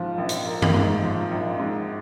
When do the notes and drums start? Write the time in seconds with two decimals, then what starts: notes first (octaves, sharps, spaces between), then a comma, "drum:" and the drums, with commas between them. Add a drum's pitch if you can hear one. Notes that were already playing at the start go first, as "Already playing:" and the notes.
Already playing: G#2 F3
0.18 A#1
0.29 drum: hi-hat
0.47 A#3
0.62 drum: tom
0.74 G#2
1.03 F3
1.31 A#1
1.59 G#2